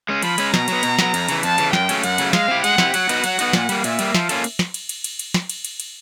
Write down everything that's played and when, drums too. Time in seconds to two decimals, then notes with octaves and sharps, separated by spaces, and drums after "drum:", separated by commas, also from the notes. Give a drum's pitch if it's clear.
0.09 G#3 C#4
0.22 F3 B5, drum: cymbal
0.38 G#3 C#4, drum: cymbal
0.54 B2 A#5, drum: snare
0.68 F#3 B3, drum: cymbal
0.83 B2, drum: cymbal
0.99 F#3 B3, drum: snare
1.14 F2, drum: cymbal
1.28 C#3 E3, drum: cymbal
1.43 F2 A5, drum: cymbal
1.58 C#3 E3, drum: cymbal
1.73 F#2 G5, drum: snare
1.89 C#3 F#3 A3 C#4, drum: cymbal
2.03 F#2 F#5, drum: cymbal
2.18 C#3 F#3 A3 C#4, drum: cymbal
2.33 G#3 F5, drum: snare
2.48 C4 E4 G4
2.64 G#3 F#5, drum: cymbal
2.78 C4 E4 G4, drum: snare
2.94 F#3 F#5, drum: cymbal
3.09 B3 D#4 F#4, drum: cymbal
3.24 F#3, drum: cymbal
3.39 B3 D#4 F#4, drum: cymbal
3.53 A#2, drum: snare
3.69 G3 A#3, drum: cymbal
3.84 A#2 E5, drum: cymbal
3.99 G3 A#3, drum: cymbal
4.15 F3, drum: snare
4.29 A#3 C#4 F4 A4, drum: cymbal
4.44 drum: cymbal
4.59 drum: snare
4.74 drum: cymbal
4.89 drum: cymbal
5.04 drum: cymbal
5.19 drum: cymbal
5.34 drum: snare
5.49 drum: cymbal
5.65 drum: cymbal
5.80 drum: cymbal